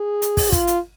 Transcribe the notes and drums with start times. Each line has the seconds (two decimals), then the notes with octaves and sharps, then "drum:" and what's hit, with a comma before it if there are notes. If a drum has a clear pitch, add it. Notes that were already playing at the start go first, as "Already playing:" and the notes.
Already playing: G#4
0.22 drum: hi-hat
0.37 drum: kick, open hi-hat
0.52 F4, drum: kick, hi-hat
0.67 drum: hi-hat